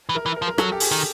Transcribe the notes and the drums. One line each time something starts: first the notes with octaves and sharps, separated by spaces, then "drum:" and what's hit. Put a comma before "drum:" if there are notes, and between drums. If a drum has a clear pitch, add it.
E3
A#4
E3
A#4
F3
A#4
F#3 A4, drum: rim click
G4
G#4, drum: open hi-hat
D#3